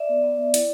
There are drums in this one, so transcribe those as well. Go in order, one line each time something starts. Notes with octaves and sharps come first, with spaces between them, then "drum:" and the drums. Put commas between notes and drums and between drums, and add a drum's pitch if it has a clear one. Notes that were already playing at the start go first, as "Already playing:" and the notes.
Already playing: D5 E5
B3
B3
B3
E4, drum: hi-hat